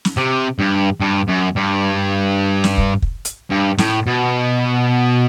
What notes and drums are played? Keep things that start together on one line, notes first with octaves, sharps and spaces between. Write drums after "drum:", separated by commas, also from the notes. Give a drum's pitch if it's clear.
drum: snare
C3
G2
G2
F#2
G2
drum: snare
drum: kick
drum: kick
drum: hi-hat
G2
A2, drum: snare
B2